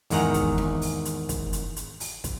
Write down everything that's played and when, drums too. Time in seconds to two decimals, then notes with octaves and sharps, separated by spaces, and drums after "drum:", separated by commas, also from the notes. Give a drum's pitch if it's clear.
0.10 E2 G#2 D#3 F#5 A#5, drum: open hi-hat
0.34 drum: kick, hi-hat
0.58 drum: snare
0.82 drum: open hi-hat
1.05 drum: hi-hat
1.29 drum: kick, hi-hat
1.53 drum: hi-hat
1.76 drum: hi-hat
2.00 drum: open hi-hat
2.24 drum: kick, hi-hat